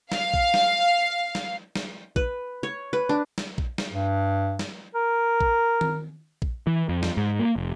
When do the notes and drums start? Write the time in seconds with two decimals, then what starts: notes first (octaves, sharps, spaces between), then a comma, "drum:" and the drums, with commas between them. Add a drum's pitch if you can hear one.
0.12 F5, drum: snare
0.34 drum: kick A#1
0.54 drum: snare
1.35 drum: snare
1.75 drum: snare
2.16 B4, drum: kick A#1
2.63 C#5
2.93 B4
3.09 D4
3.38 drum: snare
3.58 drum: kick A#1
3.78 drum: snare
3.91 G2
4.59 drum: snare
4.95 A#4
5.41 drum: kick A#1
5.81 drum: tom D#3
6.42 drum: kick A#1
6.67 E3
6.89 F2
7.03 drum: snare
7.17 G#2
7.39 A#3
7.56 F1